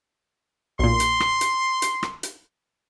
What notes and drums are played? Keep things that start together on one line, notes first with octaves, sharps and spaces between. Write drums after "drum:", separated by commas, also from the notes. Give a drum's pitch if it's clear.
B1 A#2 C6
drum: hi-hat
drum: rim click
drum: hi-hat
drum: hi-hat
drum: rim click
drum: hi-hat